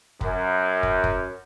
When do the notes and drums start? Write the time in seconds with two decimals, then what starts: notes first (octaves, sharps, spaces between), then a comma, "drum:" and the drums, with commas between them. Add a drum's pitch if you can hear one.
0.21 F#2, drum: kick
0.83 drum: kick
1.04 drum: kick